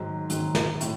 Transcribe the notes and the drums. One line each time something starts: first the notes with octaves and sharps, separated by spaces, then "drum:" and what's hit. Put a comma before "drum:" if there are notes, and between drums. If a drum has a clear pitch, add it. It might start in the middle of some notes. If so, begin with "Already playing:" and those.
Already playing: G#2 D#3 F#3
G#2 D#3 F#3, drum: hi-hat
drum: snare
A2, drum: hi-hat